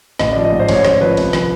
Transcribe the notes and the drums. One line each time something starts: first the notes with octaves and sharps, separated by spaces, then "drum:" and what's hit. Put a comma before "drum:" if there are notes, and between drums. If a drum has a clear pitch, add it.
A1 D#5, drum: snare
F3 D5
D#5
G#2
C5
A1 C#5, drum: cymbal
A1 C5, drum: snare
F3 B4
C2, drum: cymbal
F3, drum: snare